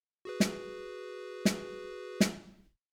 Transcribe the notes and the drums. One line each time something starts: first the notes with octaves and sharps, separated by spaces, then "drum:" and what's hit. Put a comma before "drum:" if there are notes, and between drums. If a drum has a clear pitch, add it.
F#4 G#4 B4
drum: snare
drum: snare
drum: snare